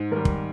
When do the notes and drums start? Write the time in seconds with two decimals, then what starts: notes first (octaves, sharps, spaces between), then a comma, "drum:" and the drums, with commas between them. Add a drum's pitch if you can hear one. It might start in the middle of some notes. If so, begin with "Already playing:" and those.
Already playing: G#2
0.11 D#3 G3 A#4
0.25 drum: kick